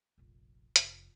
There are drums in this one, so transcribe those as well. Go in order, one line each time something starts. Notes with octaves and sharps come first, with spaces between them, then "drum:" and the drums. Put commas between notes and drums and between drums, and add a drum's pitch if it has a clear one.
F1 A#1
F1, drum: hi-hat